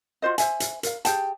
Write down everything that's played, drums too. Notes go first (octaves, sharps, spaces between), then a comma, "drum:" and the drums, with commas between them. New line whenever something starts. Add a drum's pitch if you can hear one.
F4 F#4 C5 D#5
C5 E5 G#5, drum: hi-hat
drum: hi-hat
A#4 F5, drum: hi-hat
G4 G#4 G5 A5, drum: hi-hat